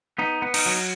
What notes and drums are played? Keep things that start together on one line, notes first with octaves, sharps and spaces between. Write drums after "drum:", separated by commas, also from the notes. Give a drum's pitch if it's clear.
B3 D#4
B3
D#4, drum: cymbal
F#3